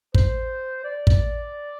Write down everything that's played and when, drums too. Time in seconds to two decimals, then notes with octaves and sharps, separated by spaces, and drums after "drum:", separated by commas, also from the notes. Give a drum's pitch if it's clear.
0.14 C5, drum: kick
0.84 D5
1.07 drum: kick